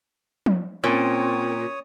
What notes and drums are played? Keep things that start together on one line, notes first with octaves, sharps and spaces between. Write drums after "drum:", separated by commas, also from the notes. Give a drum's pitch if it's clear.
drum: tom F3
A#2 C4 C#4 C#5 D#6